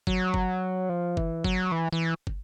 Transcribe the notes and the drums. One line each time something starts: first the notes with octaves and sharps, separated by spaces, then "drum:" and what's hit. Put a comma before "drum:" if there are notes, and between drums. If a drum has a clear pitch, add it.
F#3, drum: kick
drum: kick
F3
E3, drum: kick
F#3, drum: kick
E3
E3
drum: kick